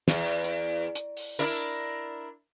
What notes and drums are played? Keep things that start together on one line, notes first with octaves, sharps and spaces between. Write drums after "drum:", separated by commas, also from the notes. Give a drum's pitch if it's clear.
E2, drum: snare
drum: hi-hat
drum: hi-hat
drum: open hi-hat
D4 E4 A#4, drum: hi-hat